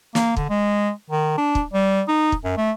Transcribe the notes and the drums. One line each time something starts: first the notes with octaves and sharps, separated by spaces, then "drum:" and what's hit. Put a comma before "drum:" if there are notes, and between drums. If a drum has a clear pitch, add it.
A#3, drum: snare
D3, drum: kick
G#3
D#3
D4
drum: kick
G3
D#4
drum: kick
F#2
A3